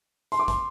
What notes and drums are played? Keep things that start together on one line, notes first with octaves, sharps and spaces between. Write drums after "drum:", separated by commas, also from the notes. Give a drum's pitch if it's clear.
C6, drum: hi-hat
D6
C6, drum: kick, hi-hat